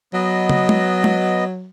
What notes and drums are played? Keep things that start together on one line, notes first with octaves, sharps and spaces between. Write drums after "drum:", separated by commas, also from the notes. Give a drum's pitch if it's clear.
F#3 B3 D#5
drum: tom
drum: tom
drum: tom